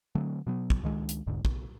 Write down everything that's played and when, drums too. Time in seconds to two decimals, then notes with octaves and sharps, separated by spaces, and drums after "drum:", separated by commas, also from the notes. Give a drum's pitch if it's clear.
0.15 D3 F#3 A3 C4
0.47 B2 F#3 B3
0.70 drum: kick
0.83 C#2 D#3 G#3
1.09 drum: hi-hat
1.27 E1 C2 G#2 D3
1.45 B1, drum: kick